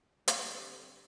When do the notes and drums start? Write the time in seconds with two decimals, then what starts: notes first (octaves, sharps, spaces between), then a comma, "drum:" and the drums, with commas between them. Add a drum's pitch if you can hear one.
0.28 D3 G3 C4, drum: hi-hat